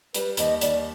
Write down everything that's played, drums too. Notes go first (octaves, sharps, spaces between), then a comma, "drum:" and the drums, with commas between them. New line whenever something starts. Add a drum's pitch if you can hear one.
G3 B4, drum: hi-hat
D#2 D#5, drum: hi-hat
D#2 D5, drum: hi-hat